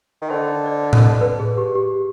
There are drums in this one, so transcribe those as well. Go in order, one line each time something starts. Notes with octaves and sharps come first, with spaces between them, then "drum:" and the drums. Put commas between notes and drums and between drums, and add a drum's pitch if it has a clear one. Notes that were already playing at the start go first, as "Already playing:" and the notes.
D#3
D3 C5
D#5
D5
D#5
drum: tom A2
D5
B4
G#4
G4
G4